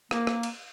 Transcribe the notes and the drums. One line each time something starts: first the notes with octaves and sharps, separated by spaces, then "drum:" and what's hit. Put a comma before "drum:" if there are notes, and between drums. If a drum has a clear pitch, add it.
A#3, drum: rim click
drum: rim click
drum: cymbal